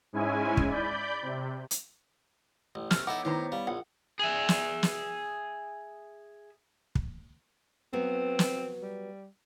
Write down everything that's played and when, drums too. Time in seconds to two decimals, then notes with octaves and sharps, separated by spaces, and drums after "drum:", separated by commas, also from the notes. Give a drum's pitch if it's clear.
0.13 G#2 G#3 C#4 E4 G#5
0.57 drum: kick
0.69 D5 B5 G6
1.22 C3
1.71 drum: hi-hat
2.75 A1
2.91 C3 A3 C#4 F6, drum: snare
3.07 B3 D#4 E4 A4 C#5 F#5 D6
3.25 A2 D#3 E4 B4 C5 A#5
3.52 G3 F5
3.67 A#1 F#5
4.19 G#4 E5
4.49 drum: snare
4.83 drum: snare
6.95 drum: kick
7.93 F#3 B3 C4
8.39 drum: snare
8.82 G3